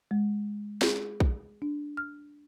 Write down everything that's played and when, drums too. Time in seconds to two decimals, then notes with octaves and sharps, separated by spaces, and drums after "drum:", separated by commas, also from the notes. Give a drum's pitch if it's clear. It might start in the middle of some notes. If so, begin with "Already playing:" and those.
0.11 G#3
0.82 G#4, drum: snare
1.20 drum: kick A#1
1.62 D4
1.97 F6